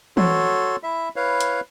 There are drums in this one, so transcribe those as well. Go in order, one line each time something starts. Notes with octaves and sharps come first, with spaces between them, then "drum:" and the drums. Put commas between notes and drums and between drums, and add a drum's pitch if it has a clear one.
F#4 A4 C#5 C6, drum: tom E3
E4 E5
E4 B4 C#5 F5
drum: hi-hat